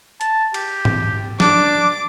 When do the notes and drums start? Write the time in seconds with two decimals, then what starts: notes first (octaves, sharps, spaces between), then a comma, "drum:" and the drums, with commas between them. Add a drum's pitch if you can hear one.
0.21 A5, drum: hi-hat
0.54 G4, drum: cymbal
0.85 drum: tom G#2
1.40 D4 D6, drum: snare